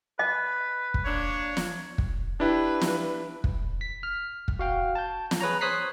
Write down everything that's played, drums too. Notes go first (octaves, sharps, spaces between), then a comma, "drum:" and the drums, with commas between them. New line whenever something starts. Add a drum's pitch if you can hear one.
B4 D#5
drum: kick
A#3 D4 C#5
drum: snare
drum: kick
D4 E4 G4 B4
drum: snare
drum: kick
B6
F6
drum: kick
F#4 F5 G5
A5 G6
drum: snare
G#4 B4 C#5 A#5
C5 C#5 D#6 F#6 B6 C7